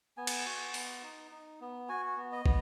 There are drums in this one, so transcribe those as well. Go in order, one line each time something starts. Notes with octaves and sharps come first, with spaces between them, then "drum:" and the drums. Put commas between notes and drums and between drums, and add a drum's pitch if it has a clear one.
B3 G#5
drum: cymbal
F#4
B3, drum: open hi-hat
D#4
D#4
B3
F#4 G#5
B3
D#5
B3, drum: kick